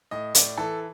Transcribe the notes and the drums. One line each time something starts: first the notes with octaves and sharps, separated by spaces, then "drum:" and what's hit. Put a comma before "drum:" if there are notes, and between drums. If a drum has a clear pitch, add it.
A2 D#5
A2 D5, drum: hi-hat
E3 A4